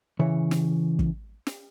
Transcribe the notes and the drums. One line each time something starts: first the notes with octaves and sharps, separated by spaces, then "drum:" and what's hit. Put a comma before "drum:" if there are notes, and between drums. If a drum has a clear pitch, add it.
C#3 E3 C#5
drum: snare
drum: kick
drum: snare